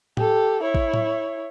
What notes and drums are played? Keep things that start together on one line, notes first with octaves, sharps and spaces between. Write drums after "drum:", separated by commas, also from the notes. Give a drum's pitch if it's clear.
G4 A4, drum: tom A2
E4 C#5
drum: kick A1
drum: tom A2